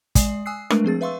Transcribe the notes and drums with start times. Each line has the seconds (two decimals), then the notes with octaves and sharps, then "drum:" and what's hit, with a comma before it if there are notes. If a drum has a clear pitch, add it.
0.15 G#3 D5 G#5 D#6 C7, drum: kick, hi-hat
0.46 G#5 D#6 E6 F#6 C7
0.70 G#3 A3 D4 A#4 B4, drum: rim click
0.84 F3 C4 G#4 A6
1.01 B4 E5 F5 C6 C#6 E6